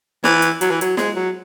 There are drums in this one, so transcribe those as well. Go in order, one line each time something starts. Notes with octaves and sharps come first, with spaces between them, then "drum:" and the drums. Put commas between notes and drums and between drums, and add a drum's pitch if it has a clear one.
E3, drum: snare
drum: hi-hat
F#3, drum: hi-hat
E3
F#3, drum: hi-hat
G#3, drum: snare
F#3